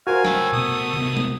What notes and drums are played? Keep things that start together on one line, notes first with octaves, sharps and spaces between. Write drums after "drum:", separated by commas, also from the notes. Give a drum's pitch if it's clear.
F#4 A#4 C5 F5 G#5
A3 C#5 G5, drum: snare
C2 B3 D#6
drum: tom C3
drum: tom